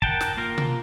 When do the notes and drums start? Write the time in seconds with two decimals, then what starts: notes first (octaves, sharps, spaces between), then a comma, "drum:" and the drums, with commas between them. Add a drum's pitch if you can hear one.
0.02 A#4 F#5 G5 A5, drum: kick
0.21 drum: snare
0.37 A#3 F4 A#4
0.58 drum: tom B2